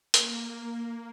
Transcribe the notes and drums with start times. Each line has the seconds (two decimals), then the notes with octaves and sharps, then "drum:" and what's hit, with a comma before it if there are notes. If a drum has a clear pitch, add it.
0.14 A#3, drum: hi-hat